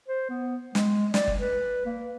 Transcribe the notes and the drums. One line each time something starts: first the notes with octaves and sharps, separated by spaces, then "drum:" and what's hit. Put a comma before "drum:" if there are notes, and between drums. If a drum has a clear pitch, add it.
C5
B3
G#3, drum: snare
D5, drum: snare
drum: kick
B4
A#3